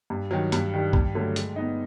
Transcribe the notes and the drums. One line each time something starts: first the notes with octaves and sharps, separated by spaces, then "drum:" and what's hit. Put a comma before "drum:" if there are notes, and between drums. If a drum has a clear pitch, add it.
G2
D#3 F#3
G2, drum: hi-hat
D#3 G3
G2, drum: kick B1
D3 F#3 A3
G#3, drum: hi-hat
B3 D#4